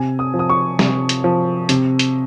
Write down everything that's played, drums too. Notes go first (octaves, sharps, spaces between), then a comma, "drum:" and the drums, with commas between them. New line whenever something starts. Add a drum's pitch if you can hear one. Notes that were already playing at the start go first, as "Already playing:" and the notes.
Already playing: C3 G#5
D#6
F3
D#6
C#6
C3, drum: snare
drum: hi-hat
F3
C3, drum: hi-hat
drum: hi-hat